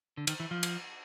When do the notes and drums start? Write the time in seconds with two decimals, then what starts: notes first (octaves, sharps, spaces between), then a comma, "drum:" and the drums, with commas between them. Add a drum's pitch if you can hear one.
0.17 D3
0.27 D#3, drum: cymbal
0.40 E3
0.51 F3
0.63 drum: cymbal